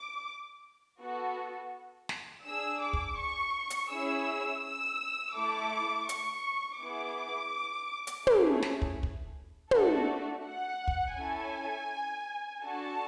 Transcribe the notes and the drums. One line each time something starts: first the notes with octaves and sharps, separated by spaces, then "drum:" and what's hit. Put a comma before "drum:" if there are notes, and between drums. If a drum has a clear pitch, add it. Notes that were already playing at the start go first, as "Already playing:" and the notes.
Already playing: D6
B3 F#4 A4
drum: snare
D4 G#4 E6
D6
drum: kick
C#6
drum: hi-hat
C#4 E4 G#4 E6
E6
A3 E4 A4 D6
C#6, drum: hi-hat
B3 E4 G#4 D6
drum: hi-hat
A3 C#4 E4 G#4, drum: tom
drum: snare
drum: kick
drum: kick
A3 D4 F#4 A4, drum: tom
F#5
drum: kick
C#4 E4 A4 G#5
D4 F#4 A4 A5